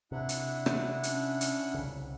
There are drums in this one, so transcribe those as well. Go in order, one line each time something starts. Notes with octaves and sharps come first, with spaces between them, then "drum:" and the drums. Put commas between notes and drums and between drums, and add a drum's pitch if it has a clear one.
C3 D4 E4 F#5
drum: hi-hat
drum: rim click
C#4, drum: hi-hat
drum: hi-hat
C2 C#3